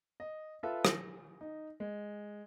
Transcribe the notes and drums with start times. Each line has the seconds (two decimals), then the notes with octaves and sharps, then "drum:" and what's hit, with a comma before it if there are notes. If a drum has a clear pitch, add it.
0.20 D#5
0.63 F4 A4 B4 E5 F5
0.85 A#6, drum: rim click
1.41 D#4
1.80 G#3